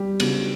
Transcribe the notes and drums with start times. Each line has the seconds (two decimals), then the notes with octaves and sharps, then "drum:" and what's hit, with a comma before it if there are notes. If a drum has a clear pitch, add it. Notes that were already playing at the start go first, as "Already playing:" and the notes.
Already playing: G3 G4
0.20 C#3 F#3 B3 D4, drum: cymbal